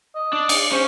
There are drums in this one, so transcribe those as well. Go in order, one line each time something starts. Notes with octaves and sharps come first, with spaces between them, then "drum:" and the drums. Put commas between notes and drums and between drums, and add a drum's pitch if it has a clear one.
D#5
D4
D5, drum: cymbal
C#4 C5